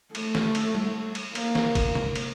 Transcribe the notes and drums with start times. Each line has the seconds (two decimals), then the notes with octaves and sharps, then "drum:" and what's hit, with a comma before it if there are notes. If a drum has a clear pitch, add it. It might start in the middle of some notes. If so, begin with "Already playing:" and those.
0.15 A3, drum: cymbal
0.35 drum: snare
0.55 drum: cymbal
0.75 drum: tom G3
1.15 drum: cymbal
1.35 A#3, drum: cymbal
1.55 drum: snare
1.75 drum: kick, cymbal
1.95 drum: tom
2.15 drum: cymbal